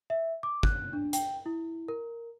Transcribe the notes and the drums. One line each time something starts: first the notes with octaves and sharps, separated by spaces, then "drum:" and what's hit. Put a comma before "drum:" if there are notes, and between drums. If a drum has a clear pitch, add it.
E5
D6
F#6, drum: kick
D4
G5, drum: hi-hat
E4
A#4